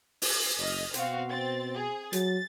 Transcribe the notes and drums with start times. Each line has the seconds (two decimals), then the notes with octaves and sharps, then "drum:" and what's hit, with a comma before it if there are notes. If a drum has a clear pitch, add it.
0.22 drum: open hi-hat
0.58 F#1 D#5 F6
0.94 B2 C4 F#4 F5, drum: hi-hat
1.29 C4 A6
1.75 G#4
2.13 F#3 A6, drum: hi-hat